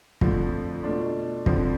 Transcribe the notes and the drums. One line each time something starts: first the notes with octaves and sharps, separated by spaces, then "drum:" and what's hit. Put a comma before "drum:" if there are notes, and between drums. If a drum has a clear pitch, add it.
F2 D3 F3 A3, drum: kick
B2 A3 D4 F4
F2 D3 F3 C4, drum: kick